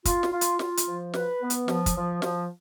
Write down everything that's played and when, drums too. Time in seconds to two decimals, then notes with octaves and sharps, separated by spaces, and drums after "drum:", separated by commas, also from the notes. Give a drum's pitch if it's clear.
0.05 F4, drum: kick, hi-hat
0.23 drum: snare
0.32 F4
0.41 drum: hi-hat
0.59 F4, drum: snare
0.77 drum: hi-hat
0.87 F3
1.14 B4, drum: snare
1.41 B3
1.50 drum: hi-hat
1.68 F3, drum: snare
1.86 drum: kick, hi-hat
1.96 F3
2.22 F3, drum: snare